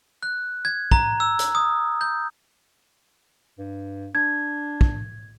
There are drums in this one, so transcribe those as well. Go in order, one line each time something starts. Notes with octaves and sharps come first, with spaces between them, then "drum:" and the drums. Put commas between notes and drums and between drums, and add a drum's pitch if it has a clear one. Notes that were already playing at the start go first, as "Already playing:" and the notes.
F#6
G#6
A#5, drum: kick
E6
drum: hi-hat
D#6
G6
G2
D4 G#6
drum: kick